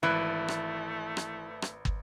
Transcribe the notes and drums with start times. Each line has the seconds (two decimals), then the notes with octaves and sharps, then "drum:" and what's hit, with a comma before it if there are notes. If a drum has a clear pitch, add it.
0.03 G#1 E3 A3 B5 F#6
0.48 drum: rim click
1.17 drum: rim click
1.62 drum: rim click
1.85 drum: kick